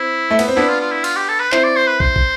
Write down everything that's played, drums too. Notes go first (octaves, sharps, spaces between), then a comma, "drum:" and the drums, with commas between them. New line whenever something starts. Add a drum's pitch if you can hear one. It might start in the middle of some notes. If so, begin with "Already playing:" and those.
Already playing: C4 E4
A3
B3, drum: cymbal
C4
B3 D4 E4
F4
F4
E4
F4, drum: cymbal
G4
A4
B4
C4 E4 C5, drum: clap
D5
C5
B4
C5, drum: kick
drum: kick